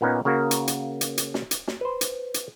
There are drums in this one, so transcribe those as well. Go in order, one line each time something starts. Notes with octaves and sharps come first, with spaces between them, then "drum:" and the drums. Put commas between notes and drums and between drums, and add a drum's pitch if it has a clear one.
A#2 A#3 B3 C#4 D#4
C#3 A#3 F#4 A#4
drum: hi-hat
drum: hi-hat
drum: hi-hat
drum: hi-hat
drum: snare
drum: hi-hat
drum: snare
B4 C5
drum: hi-hat
drum: hi-hat